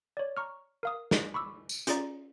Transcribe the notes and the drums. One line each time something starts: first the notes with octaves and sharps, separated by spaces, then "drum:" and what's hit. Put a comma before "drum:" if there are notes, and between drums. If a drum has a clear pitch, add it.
C#5 D5
A#5 C#6 F6
A#4 F5 D#6
drum: snare
B5 C#6 D6 E6
drum: tambourine
C#4 F4 G#4 D5 A#5 A6, drum: hi-hat